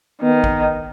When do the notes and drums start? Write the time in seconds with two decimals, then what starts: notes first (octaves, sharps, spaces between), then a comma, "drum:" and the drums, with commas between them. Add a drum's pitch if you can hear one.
0.22 D#3 B3
0.44 drum: kick